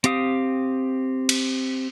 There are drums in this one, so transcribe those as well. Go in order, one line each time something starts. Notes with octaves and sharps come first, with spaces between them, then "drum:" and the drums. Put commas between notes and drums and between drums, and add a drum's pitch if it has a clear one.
C4 G4 F5 D#6, drum: hi-hat
drum: cymbal